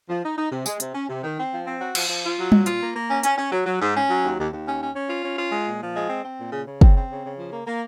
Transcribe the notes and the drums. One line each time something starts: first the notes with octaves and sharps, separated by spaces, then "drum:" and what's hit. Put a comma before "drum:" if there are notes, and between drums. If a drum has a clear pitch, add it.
F3
D#4
D#4
C3
G#3, drum: tambourine
C3, drum: hi-hat
C#4
C3
D#3
C4
F3
C4
F#4
F3, drum: cymbal
F3
F4
F#3
A#2, drum: tom G3
F4, drum: hi-hat
A#3
A#3
C#4
C#4, drum: hi-hat
C#4
F#3
F#3
G#2
C#4
F#3
D#2
D#2
D#2
C#4
C#4
C#4
F4
C#4
F4
G#3
A#2
F3
G#3
C4
C4
A#2
C#3
C#3
C4, drum: kick
C4
C#3
C#3
F3
A#3
A#3